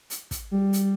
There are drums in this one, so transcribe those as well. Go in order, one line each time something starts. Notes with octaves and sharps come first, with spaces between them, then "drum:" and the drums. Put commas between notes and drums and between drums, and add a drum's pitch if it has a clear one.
drum: hi-hat
drum: kick, hi-hat
G3
drum: hi-hat